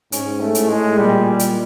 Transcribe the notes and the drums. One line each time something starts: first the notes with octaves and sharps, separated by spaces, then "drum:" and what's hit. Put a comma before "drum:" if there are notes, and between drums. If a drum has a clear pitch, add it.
G#2 C#4, drum: hi-hat
A3
A2, drum: hi-hat
G#3
A#2 G3
G3
drum: hi-hat